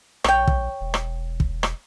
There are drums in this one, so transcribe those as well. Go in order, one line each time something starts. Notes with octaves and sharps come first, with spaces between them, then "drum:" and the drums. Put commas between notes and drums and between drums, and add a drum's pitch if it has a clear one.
A#1 C#5 G5, drum: rim click
drum: kick
E1
drum: rim click
drum: kick
drum: rim click